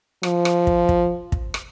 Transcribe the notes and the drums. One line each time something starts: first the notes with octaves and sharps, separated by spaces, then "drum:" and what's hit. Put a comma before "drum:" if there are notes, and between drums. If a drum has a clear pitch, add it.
F3, drum: rim click
drum: rim click
drum: kick
drum: kick
drum: kick
drum: rim click